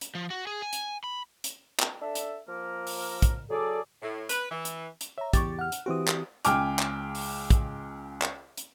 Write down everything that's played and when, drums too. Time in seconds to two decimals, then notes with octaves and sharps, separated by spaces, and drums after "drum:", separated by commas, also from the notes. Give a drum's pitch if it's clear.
0.01 drum: hi-hat
0.15 F3
0.30 F#4
0.47 G#4
0.62 G#5
0.73 drum: hi-hat
1.04 B5
1.44 drum: hi-hat
1.80 drum: clap
2.01 D4 A4 E5
2.15 drum: hi-hat
2.47 F3 A#3 A#4
2.87 drum: open hi-hat
3.22 drum: kick, hi-hat
3.50 F#3 G#4 A4 D5
4.03 A2
4.29 B4, drum: hi-hat
4.51 E3
4.65 drum: hi-hat
5.01 drum: hi-hat
5.18 C#5 E5 A#5
5.33 E2 G4 C#6 D6 A6, drum: kick, hi-hat
5.59 F#5 F6
5.72 drum: hi-hat
5.86 E3 C4 F#4 G4 D#6
6.08 drum: clap
6.45 C#2 G5 G#5 D6 F6, drum: hi-hat
6.79 drum: clap
7.15 drum: open hi-hat
7.50 drum: kick, hi-hat
8.22 drum: clap
8.57 drum: hi-hat